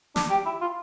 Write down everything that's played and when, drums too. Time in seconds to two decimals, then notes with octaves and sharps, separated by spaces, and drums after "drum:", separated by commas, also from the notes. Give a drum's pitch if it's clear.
0.16 D4, drum: snare
0.31 G4
0.46 E4
0.61 F4